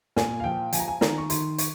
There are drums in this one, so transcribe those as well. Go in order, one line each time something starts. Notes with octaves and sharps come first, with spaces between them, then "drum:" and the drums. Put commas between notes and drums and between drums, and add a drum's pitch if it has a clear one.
A#2 G#5, drum: snare
F5
F3 G5
F3 G#5, drum: hi-hat
A#5
G#5
D#3 A#5, drum: snare
C#6
D#3 C6, drum: hi-hat
C#6, drum: hi-hat